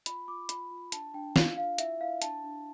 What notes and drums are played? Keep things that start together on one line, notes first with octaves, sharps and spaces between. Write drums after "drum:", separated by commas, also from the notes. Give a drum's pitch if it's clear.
F4 B5, drum: hi-hat
F4 D6
F4 B5, drum: hi-hat
F4
D4 A5, drum: hi-hat
D4 G5
F4 F5, drum: snare
F4 F5
E4 E5, drum: hi-hat
E4 F5
D4 A5, drum: hi-hat
D4